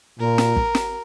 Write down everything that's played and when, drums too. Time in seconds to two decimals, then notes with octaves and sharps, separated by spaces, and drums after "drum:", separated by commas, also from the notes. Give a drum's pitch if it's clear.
0.19 A#2 A#4
0.38 drum: snare
0.56 drum: kick
0.75 drum: snare